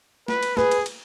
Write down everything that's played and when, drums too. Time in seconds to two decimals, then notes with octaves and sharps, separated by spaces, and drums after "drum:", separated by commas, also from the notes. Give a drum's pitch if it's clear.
0.28 B4, drum: snare
0.43 drum: cymbal
0.57 G#4 B4, drum: snare
0.71 drum: cymbal
0.86 drum: cymbal